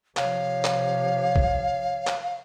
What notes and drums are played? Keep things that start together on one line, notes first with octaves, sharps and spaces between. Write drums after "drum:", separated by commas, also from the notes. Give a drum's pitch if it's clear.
C3 F3 C#5 F5, drum: clap
drum: clap
drum: kick
drum: clap